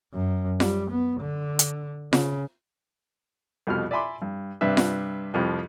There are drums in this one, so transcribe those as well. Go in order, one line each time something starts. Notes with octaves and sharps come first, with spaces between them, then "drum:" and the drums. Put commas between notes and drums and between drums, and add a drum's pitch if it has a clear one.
F#2
G3, drum: snare F4
B3
D3
drum: hi-hat
C#3, drum: snare F4
C2 F2 B2 F6
D5 E5 G#5 B5 C6 D6
G2
G2 C3 D4 B4 E5
drum: snare F4
C2 F2 F3